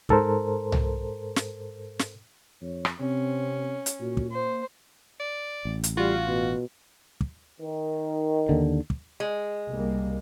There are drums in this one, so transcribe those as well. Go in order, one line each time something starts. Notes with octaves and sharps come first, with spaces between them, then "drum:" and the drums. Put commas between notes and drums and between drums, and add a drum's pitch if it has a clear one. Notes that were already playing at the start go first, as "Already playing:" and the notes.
G#2 A4 A#4 C5, drum: kick
drum: tom C2
drum: snare
drum: snare
F2 C#5
drum: rim click
C3 C4 C#4
drum: hi-hat
A#2 F#4
drum: kick
A#3 C5
D5
A1
drum: hi-hat
G3 F4 F#4
B2
drum: kick
D#3
D#2 D3
drum: kick
G#3
C2 G3 A#3